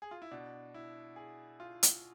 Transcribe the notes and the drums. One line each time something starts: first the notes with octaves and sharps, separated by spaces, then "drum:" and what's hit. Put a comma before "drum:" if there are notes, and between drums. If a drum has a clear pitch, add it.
G#4
F4
E4
B2 D4
E4
G#4
F4
drum: hi-hat